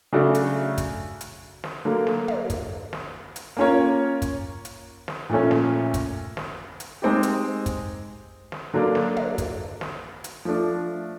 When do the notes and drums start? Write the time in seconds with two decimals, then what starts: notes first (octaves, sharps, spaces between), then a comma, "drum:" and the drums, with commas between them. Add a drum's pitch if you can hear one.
0.13 C#3 F#3 A3 D4 F#4
0.35 drum: hi-hat
0.78 drum: kick, hi-hat
1.21 drum: hi-hat
1.64 drum: snare
1.85 D3 F#3 A#3
2.07 drum: snare
2.28 drum: tom
2.50 drum: kick, hi-hat
2.93 drum: snare
3.36 drum: hi-hat
3.57 A#3 C#4 F4 A#4 C#5
4.22 drum: kick, hi-hat
4.65 drum: hi-hat
5.08 drum: snare
5.29 A#2 F3 A3 C#4
5.51 drum: snare
5.94 drum: kick, hi-hat
6.37 drum: snare
6.80 drum: hi-hat
7.02 G#3 C4 D#4 G4
7.23 drum: hi-hat
7.66 drum: kick, hi-hat
8.52 drum: snare
8.74 D3 F#3 A#3 D4
8.95 drum: snare
9.17 drum: tom
9.38 drum: kick, hi-hat
9.81 drum: snare
10.24 drum: hi-hat
10.45 F3 A3 D4